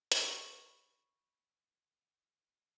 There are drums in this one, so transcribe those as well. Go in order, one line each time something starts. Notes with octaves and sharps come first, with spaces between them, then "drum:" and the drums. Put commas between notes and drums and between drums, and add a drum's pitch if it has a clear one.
B5 C#6, drum: hi-hat